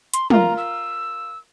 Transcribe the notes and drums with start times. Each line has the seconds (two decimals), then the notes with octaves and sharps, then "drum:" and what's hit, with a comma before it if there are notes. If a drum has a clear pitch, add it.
0.14 C6, drum: hi-hat
0.30 F4 A#4 A#5, drum: tom
0.58 E6